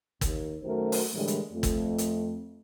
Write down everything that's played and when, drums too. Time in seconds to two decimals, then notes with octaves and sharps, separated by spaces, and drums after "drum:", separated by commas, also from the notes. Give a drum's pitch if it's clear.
0.21 D#2, drum: kick G1, hi-hat
0.62 F#2 D#3 A3 F#4 A#4 C5
0.92 drum: open hi-hat
1.13 A2 D3 E3 G3 G#3 A#3
1.28 drum: hi-hat
1.52 F2 A3
1.63 drum: kick G1, hi-hat
1.98 drum: hi-hat